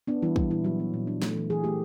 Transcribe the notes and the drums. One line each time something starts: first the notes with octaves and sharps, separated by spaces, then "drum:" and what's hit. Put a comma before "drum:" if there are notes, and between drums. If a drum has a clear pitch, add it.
B3 D4
E3 G3 E4
E3 G3 E4, drum: kick
A#2 E3 E4
A#2 F#3 F#4
B3
A#2
D4
A3, drum: snare
E3
E3 G#4
A3 G4